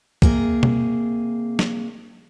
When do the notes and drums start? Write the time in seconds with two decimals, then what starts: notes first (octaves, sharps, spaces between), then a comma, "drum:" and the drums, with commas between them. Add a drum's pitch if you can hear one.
0.22 C3 A#3 G#4, drum: kick
0.63 drum: tom B2
1.59 drum: snare